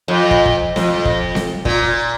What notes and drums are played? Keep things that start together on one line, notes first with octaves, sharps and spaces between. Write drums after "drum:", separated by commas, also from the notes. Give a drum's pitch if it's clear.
F2
drum: kick
drum: kick
F2, drum: snare C4
drum: kick
drum: snare C4
A#2, drum: kick